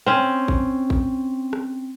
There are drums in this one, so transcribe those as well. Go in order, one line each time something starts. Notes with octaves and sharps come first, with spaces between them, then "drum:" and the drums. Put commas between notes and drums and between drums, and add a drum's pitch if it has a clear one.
C4 C#4
drum: kick A1
drum: kick A1
drum: rim click